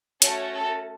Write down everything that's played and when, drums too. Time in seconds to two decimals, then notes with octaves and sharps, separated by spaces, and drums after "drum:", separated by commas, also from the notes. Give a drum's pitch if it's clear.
0.22 A3 C#4 F#4 A4 C#5, drum: hi-hat
0.53 A4